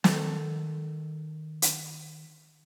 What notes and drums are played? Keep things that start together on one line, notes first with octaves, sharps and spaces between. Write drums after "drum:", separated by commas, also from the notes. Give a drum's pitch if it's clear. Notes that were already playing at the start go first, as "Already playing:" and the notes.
D#3 A4, drum: snare
drum: hi-hat